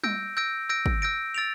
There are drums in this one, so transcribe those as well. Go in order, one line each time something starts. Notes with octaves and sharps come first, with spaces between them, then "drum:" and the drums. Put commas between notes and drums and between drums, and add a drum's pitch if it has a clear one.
E6 G6 A#6 D7, drum: tom G3
E6 G6 A#6 D7
E6 G6 A#6 D7
drum: kick
E6 G6 A#6 D7
E6 A6 D7 F7